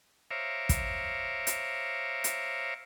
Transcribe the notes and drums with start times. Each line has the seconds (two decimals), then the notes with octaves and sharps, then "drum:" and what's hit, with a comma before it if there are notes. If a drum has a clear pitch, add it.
0.31 C5 C#5 E5 F5 A#5 D6
0.69 drum: kick, hi-hat
1.47 drum: hi-hat
2.24 drum: hi-hat